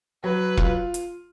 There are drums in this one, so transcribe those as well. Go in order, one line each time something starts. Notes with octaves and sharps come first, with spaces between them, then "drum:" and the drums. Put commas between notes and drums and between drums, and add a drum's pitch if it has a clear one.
F#3 B4
F4, drum: kick E1
drum: hi-hat